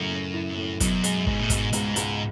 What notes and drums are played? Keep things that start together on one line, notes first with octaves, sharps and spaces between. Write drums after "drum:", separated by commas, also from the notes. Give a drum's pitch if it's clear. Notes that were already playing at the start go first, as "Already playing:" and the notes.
Already playing: F#2 A2 C#3
A2
E4
A2
F#2 B2, drum: kick, hi-hat
G#3, drum: hi-hat
G#2 G#3, drum: kick
A2
G#2 B2, drum: kick, hi-hat
C#2 G#2, drum: hi-hat
C#2, drum: hi-hat